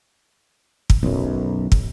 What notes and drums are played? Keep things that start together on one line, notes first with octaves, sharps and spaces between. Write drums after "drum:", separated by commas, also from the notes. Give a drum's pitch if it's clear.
drum: kick
B1 F#2
drum: kick